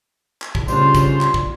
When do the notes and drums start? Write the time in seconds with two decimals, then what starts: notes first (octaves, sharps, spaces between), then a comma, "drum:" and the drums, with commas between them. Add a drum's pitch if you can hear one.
0.42 drum: clap
0.55 drum: kick
0.68 C#3 G3 D4 F4 C5, drum: tambourine
0.95 drum: kick, tambourine
1.21 drum: clap
1.34 drum: kick